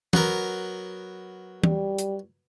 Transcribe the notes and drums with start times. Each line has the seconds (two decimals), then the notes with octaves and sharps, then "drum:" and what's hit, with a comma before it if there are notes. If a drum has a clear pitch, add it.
0.13 F#3 B3 A#4, drum: tom
1.64 G3, drum: tom
1.98 drum: hi-hat